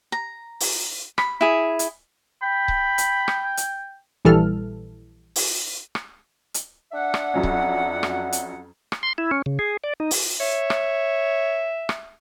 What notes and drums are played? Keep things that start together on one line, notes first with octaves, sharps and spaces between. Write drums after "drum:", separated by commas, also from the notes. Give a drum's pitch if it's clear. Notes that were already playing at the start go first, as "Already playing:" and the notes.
A#5
drum: open hi-hat
B5, drum: rim click
E4 G#4
drum: hi-hat
G5 B5
drum: kick C#1
drum: hi-hat
drum: rim click
drum: hi-hat
A#1 E3 G3 A4 F6
drum: open hi-hat
drum: rim click
drum: hi-hat
D4 E5 F#5
drum: rim click
F2 F#3 C#4
drum: kick C#1
drum: rim click
drum: hi-hat
drum: rim click
C6
E4
C#4
C#3
G#4
D5
D#4
drum: open hi-hat
C#5 E5
drum: rim click
drum: rim click